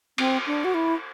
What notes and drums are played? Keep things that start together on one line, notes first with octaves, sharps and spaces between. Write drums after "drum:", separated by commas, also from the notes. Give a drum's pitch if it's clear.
C4, drum: cymbal
D4
F#4
E4